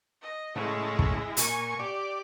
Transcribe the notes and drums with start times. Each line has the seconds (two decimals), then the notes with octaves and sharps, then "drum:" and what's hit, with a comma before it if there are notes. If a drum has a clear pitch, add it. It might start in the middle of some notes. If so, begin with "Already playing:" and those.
0.22 D#5
0.56 A2 C#3 G#3 E4
0.99 drum: kick
1.37 A#2 G#5 C#6, drum: hi-hat
1.79 G4 D5